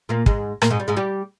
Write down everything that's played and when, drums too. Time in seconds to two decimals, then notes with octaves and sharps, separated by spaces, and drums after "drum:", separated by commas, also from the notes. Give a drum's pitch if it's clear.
0.09 A#2 A#3
0.26 G#2 G#3, drum: kick
0.62 A#2 A#3, drum: rim click
0.70 G#2 G#3
0.80 G3
0.88 G#2 G#3
0.97 G3 G4